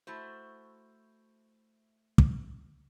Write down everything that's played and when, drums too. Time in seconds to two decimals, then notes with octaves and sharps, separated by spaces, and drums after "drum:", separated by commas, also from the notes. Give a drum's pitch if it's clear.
0.07 A3 E4 F#4 C5
2.18 drum: kick